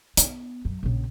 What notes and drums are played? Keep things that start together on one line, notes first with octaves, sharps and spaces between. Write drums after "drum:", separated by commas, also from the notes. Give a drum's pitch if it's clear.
B3, drum: hi-hat
F#2
A#1 C#3